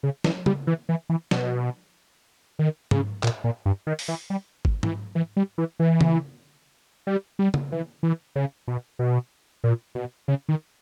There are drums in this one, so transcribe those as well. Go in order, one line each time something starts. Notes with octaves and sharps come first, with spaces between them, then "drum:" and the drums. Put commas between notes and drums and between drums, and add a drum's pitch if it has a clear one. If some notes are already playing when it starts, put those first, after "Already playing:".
C#3
E3, drum: snare
G3, drum: tom
E3
E3
E3
B2, drum: snare
D#3
C#3, drum: tom G#2
A#2, drum: clap
A#2
G2
D#3
drum: open hi-hat
E3
G3
drum: kick G1
E3, drum: tom G#2
E3
G3
E3
E3
drum: tom
G3
G3
drum: tom
E3
E3
C#3
B2
B2
A#2
B2
C#3
D#3